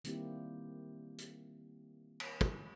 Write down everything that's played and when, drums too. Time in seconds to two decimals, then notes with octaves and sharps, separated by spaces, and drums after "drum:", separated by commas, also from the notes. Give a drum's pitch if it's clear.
0.04 D#3 G3 A#3 C4 E4 G4, drum: hi-hat
1.18 drum: hi-hat
2.20 drum: cymbal
2.41 drum: kick